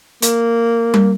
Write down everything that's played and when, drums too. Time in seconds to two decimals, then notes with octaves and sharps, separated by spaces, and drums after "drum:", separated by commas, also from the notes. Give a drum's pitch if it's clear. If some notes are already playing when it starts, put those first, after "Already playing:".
0.22 A#3, drum: hi-hat
0.94 drum: tom G3